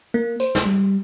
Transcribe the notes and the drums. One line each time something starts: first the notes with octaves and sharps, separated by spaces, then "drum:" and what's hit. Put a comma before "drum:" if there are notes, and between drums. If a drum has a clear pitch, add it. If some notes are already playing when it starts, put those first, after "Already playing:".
A#3
C5, drum: tambourine
drum: snare
G3